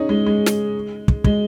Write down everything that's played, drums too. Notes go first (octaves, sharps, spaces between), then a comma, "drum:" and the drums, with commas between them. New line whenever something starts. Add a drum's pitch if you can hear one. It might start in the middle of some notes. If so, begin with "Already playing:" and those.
Already playing: C#4 D#4 G#4
G#3
G#3
drum: snare
drum: kick
G#3, drum: kick